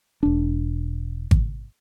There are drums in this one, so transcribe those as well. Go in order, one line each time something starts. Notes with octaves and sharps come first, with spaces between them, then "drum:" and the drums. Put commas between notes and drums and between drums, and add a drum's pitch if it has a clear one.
E1 D4
drum: kick G#1